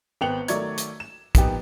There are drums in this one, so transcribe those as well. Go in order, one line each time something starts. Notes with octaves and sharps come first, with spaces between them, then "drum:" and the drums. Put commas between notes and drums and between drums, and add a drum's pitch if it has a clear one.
G#1 B3 G5 C#7 F7 F#7
D#3 F#3 A3 D5 C#6 G#6, drum: hi-hat
drum: hi-hat
E7
A#2 F3 B3 D#4 G4, drum: kick, hi-hat